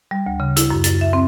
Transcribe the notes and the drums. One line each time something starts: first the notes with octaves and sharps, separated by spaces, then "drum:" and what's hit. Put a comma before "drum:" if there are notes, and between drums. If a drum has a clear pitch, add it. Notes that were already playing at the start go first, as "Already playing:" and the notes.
G3
D2
C#3
E4, drum: hi-hat
F#2
A6, drum: hi-hat
E5
C4